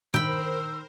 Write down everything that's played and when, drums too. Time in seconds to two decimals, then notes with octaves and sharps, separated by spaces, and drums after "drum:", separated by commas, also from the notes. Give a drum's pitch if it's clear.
0.14 D#3 A#4 C5 G5 B5 E6, drum: tom A#2